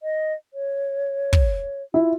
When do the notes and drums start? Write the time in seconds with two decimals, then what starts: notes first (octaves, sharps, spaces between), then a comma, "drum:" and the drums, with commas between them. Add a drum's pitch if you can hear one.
0.03 D#5
0.54 C#5
1.33 drum: kick
1.94 E4 F4